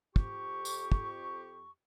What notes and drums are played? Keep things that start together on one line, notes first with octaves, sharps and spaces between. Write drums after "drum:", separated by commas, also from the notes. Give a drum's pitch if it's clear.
F2 G4 C#6, drum: kick
drum: tambourine
drum: kick